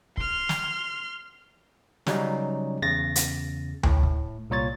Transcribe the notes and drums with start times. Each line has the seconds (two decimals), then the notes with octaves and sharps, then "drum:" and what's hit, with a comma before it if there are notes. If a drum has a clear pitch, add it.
0.17 C6 F6, drum: kick
0.49 drum: snare
2.07 C#3 F#3 G3 C#4 D#4, drum: snare
2.82 E2 C#3 A6 A#6
3.16 drum: hi-hat
3.83 A2, drum: tom D2
4.03 drum: kick
4.50 C2 A#2 C#5 A6